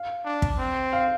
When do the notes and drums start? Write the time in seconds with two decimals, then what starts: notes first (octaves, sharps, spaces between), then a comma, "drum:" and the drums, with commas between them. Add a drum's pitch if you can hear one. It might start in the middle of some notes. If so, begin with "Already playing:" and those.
Already playing: F5
0.25 D4
0.42 drum: kick
0.58 C4
0.93 F5